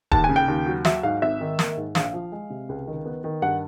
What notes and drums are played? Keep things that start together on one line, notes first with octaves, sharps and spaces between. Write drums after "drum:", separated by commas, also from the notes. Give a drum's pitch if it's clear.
D#2 A5, drum: kick D#1
G#5
C#3
G5
D#2
F#3
F#3 E5, drum: snare
G#2 F5
G#1 E5
D#3
A#3, drum: snare
G#2
A#1 F5, drum: snare
F3
G#3
C3
C#2
D#3
B3
D#3
G2 F#5